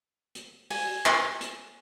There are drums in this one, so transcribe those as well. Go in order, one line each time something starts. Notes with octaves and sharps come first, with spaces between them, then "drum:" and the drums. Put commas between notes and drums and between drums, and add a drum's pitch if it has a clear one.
drum: hi-hat
G#5, drum: open hi-hat
drum: clap
drum: hi-hat